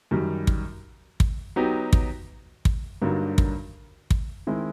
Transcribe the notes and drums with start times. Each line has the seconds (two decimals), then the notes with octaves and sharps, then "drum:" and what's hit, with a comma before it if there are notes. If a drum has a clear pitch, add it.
0.11 F#2 D#3 G3
0.47 drum: kick
1.20 drum: kick
1.56 F#3 B3 D#4 G4
1.93 drum: kick
2.65 drum: kick
3.02 G2 D3 F#3 A#3 D#4
3.38 drum: kick
4.10 drum: kick
4.47 D#3 G#3 C4 E4